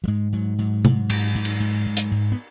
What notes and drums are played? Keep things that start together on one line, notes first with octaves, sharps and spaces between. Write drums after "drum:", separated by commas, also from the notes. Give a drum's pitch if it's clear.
F#3
G#2 G#3
G#2 F#3
G#2 F#3
G#2, drum: tom C3
G#2, drum: cymbal
G#2
drum: cymbal
G#2
G#2
drum: hi-hat
G#2
B3